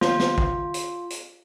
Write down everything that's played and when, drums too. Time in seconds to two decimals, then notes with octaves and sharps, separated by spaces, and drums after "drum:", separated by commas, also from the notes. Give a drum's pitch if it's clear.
0.01 F4, drum: snare
0.20 drum: snare
0.38 drum: kick
0.74 drum: hi-hat
1.10 drum: hi-hat